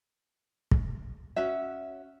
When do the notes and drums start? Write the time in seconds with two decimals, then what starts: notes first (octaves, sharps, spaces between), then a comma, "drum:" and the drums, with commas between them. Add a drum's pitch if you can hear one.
0.71 drum: kick
1.36 C#4 F#4 E5